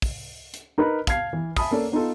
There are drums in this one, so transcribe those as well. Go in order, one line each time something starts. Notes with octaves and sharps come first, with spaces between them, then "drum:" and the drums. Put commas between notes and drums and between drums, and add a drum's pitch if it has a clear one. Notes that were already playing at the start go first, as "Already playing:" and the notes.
drum: kick, open hi-hat
drum: hi-hat
D#4 A#4 B4 B5
F5 A5 F6 G#6 C7, drum: kick, hi-hat
E3
E5 G#5 A5 B5 D#6, drum: kick, open hi-hat
A#3 C#4 A4 D5
B3 D#4 F4 A4